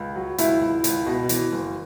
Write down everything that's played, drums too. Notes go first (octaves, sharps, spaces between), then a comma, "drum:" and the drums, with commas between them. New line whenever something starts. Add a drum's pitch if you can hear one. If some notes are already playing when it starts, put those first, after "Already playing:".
Already playing: C#2
F#3
C#2 E4, drum: hi-hat
C#2
C#2, drum: hi-hat
B2
E3, drum: hi-hat
F#1